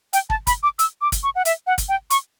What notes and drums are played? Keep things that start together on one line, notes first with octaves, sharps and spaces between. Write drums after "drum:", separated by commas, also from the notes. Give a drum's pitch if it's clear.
G5, drum: hi-hat
A5, drum: kick
B5, drum: kick, hi-hat
D6
E6, drum: hi-hat
D6
drum: kick, hi-hat
C#6
F#5
E5, drum: hi-hat
F#5
drum: kick, hi-hat
G5
C#6, drum: hi-hat